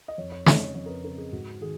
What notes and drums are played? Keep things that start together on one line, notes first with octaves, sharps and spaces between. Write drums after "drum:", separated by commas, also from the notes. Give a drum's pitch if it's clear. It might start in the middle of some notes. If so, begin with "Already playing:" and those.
D#5
F2 C#5
C#5
C#3 D#5, drum: snare
C#5
F2 C#5
A#4
B4
C#3 A#4
G#4
G#2 F#4
D#3 G#4